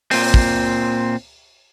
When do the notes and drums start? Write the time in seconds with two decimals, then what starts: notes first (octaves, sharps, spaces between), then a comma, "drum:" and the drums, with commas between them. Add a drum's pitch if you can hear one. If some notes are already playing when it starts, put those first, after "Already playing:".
0.11 A#2 C4, drum: open hi-hat
0.34 drum: kick